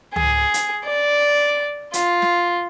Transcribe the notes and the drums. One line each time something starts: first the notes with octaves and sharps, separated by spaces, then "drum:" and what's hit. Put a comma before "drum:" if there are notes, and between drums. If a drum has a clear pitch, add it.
G#4, drum: tom C#2
drum: hi-hat
D5
F4, drum: hi-hat
drum: snare